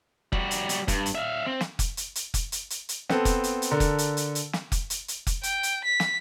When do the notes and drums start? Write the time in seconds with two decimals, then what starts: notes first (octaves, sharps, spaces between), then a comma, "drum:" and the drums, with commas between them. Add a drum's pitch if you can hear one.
0.32 G3 F#4, drum: kick F1
0.51 drum: hi-hat
0.69 drum: hi-hat
0.88 G2, drum: kick F1, hi-hat
1.06 drum: hi-hat
1.15 E5 F5
1.46 C4
1.61 drum: snare
1.79 drum: kick F1, hi-hat
1.97 drum: hi-hat
2.15 drum: hi-hat
2.34 drum: kick F1, hi-hat
2.52 drum: hi-hat
2.70 drum: hi-hat
2.89 drum: hi-hat
3.10 B3 C4 A4, drum: snare
3.25 drum: kick F1, hi-hat
3.44 drum: hi-hat
3.62 drum: hi-hat
3.71 D3 A4 A#4
3.80 drum: kick F1, hi-hat
3.98 drum: hi-hat
4.17 drum: hi-hat
4.35 drum: hi-hat
4.53 drum: snare
4.72 drum: kick F1, hi-hat
4.90 drum: hi-hat
5.08 drum: hi-hat
5.27 drum: kick F1, hi-hat
5.43 G5, drum: hi-hat
5.63 drum: hi-hat
5.85 B6
6.00 drum: snare